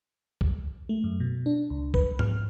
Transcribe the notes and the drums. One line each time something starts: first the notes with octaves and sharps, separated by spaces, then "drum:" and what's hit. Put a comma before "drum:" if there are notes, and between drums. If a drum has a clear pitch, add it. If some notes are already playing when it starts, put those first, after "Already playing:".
drum: kick C2
A3
F#2
B2
D4
C#2
B4, drum: kick C2
F6, drum: tom G#2